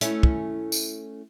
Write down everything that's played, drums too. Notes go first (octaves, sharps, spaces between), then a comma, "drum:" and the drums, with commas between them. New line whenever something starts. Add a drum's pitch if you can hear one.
A3 C#4 E4, drum: hi-hat
drum: kick
drum: tambourine